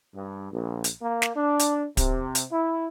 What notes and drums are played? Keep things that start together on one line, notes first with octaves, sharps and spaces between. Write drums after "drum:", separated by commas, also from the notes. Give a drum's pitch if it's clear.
G2
A#1
drum: hi-hat
A#3
drum: snare
D4
drum: hi-hat
C3, drum: kick, hi-hat
drum: hi-hat
E4